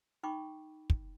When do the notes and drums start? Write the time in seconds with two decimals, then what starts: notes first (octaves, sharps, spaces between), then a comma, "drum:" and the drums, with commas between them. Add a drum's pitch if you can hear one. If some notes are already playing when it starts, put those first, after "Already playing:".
0.23 D#4 G5 B5 C#6 D6
0.90 drum: kick